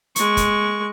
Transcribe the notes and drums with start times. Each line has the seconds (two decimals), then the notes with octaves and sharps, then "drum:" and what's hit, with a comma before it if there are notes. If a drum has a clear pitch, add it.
0.16 G#3 C#6, drum: hi-hat
0.37 drum: kick, hi-hat